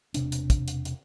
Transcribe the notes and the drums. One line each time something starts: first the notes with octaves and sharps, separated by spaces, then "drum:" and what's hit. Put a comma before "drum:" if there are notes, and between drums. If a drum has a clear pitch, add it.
E1 C3 D4, drum: hi-hat
drum: hi-hat
drum: kick, hi-hat
drum: hi-hat
drum: hi-hat